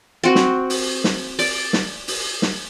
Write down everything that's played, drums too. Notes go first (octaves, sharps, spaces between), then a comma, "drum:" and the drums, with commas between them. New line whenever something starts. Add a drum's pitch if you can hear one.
C4 F#4
drum: snare
drum: open hi-hat
drum: snare
D5, drum: open hi-hat
drum: snare
drum: open hi-hat
drum: snare